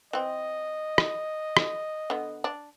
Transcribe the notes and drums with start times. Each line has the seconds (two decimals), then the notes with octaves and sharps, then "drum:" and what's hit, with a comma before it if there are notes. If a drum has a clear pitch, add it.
0.13 E3 C4 D#5
0.98 drum: rim click
1.57 drum: rim click
2.10 D3 B3
2.44 D4